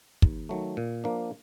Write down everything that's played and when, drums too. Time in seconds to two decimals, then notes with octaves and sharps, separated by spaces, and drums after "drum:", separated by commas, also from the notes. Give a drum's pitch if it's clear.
0.22 D#2, drum: kick
0.49 D#3 F#3 A3
0.77 A#2
1.04 F3 A#3 D4